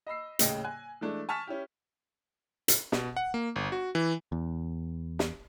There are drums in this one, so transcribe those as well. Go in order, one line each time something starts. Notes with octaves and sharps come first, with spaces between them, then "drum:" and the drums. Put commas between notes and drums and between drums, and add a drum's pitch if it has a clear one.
D#5 B5 E6 C7
D#1 A2 C#3 D#5 G5 A#6, drum: hi-hat
G#5 F#6
E3 G#3 A3 D4
G#5 A5 C#6 F6 B6
C#4 E4 G4
drum: hi-hat
B2, drum: snare
F#5
A#3
G1
F#4
E3
E2
drum: snare